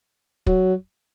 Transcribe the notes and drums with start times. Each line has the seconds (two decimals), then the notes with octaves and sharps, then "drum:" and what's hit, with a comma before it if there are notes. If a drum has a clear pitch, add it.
0.47 F#3, drum: kick